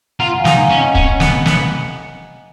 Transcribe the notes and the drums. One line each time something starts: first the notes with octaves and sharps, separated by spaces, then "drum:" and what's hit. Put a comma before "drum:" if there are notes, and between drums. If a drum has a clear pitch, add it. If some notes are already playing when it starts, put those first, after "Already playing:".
F4 F#5 A#5
F5 G#5
D#4, drum: snare
F5 G#5
C#4
D#5 F#5
C#4, drum: kick
B3, drum: snare
B3, drum: snare